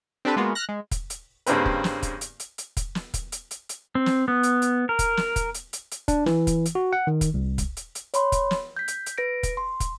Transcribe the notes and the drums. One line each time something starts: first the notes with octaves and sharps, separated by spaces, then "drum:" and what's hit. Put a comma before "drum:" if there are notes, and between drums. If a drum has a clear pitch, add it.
C4 D4 G4 A4 B4
G#3 A#3 B3 F4 F#4
F6 F#6 A#6
G#3
drum: kick, hi-hat
drum: hi-hat
G2 C#3 A#3 C4 B4, drum: hi-hat
drum: kick
drum: snare
drum: kick, hi-hat
drum: hi-hat
drum: hi-hat
drum: hi-hat
drum: kick, hi-hat
drum: snare
drum: kick, hi-hat
drum: hi-hat
drum: hi-hat
drum: hi-hat
C4
drum: snare
B3
drum: hi-hat
drum: hi-hat
A#4
drum: kick, hi-hat
drum: snare
drum: kick, hi-hat
drum: hi-hat
drum: hi-hat
drum: hi-hat
D4, drum: kick, hi-hat
E3, drum: snare
drum: kick, hi-hat
drum: hi-hat
F#4
F#5
D#3
drum: kick, hi-hat
C2
drum: kick, hi-hat
drum: hi-hat
drum: hi-hat
C#5 B5 C6, drum: hi-hat
drum: kick, hi-hat
drum: snare
G6 B6
drum: hi-hat
drum: hi-hat
B4 A#6 D7
drum: kick, hi-hat
C6
drum: kick, hi-hat